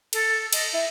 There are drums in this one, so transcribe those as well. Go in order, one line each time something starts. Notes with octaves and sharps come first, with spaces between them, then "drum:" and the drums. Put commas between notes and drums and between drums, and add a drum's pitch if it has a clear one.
A4, drum: cymbal
D#5, drum: cymbal
E4